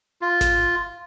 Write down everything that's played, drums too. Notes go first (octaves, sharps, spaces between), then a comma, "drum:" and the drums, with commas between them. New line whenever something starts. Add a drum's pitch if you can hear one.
F4
drum: snare G#1